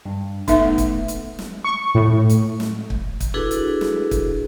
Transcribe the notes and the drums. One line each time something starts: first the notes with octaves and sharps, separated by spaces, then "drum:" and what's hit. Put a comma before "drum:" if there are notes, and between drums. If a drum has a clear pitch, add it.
G2
A3 B3 D#4 E5, drum: kick, hi-hat
drum: kick, hi-hat
drum: hi-hat
drum: snare
C#6
A2
drum: hi-hat
drum: snare
drum: kick
drum: kick, hi-hat
D4 E4 F#4 G#4 A4 B4
drum: hi-hat
drum: snare
drum: kick, hi-hat